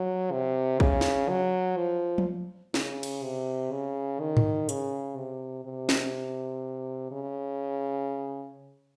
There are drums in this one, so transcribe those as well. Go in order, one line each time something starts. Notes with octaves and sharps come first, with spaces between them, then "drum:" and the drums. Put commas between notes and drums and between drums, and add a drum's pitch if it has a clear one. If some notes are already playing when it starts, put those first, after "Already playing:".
Already playing: F#3
C3
C#3, drum: kick
drum: snare
F#3
F3
drum: tom F3
C#3, drum: snare
drum: cymbal
C3
C#3
D#3
drum: tom G#2
C#3, drum: hi-hat
C3
C3
drum: snare
C#3